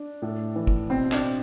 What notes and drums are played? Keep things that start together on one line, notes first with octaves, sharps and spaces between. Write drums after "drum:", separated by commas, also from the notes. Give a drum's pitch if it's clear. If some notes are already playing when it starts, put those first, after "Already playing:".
Already playing: D4
A2
E3
drum: kick
B2 C4
D4, drum: clap